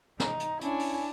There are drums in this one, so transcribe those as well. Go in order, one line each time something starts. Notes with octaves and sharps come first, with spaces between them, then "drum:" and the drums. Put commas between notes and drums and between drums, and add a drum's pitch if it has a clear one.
D#4 A#5, drum: snare
drum: hi-hat
C#4 D4 E4 C#5 G#5, drum: hi-hat
drum: open hi-hat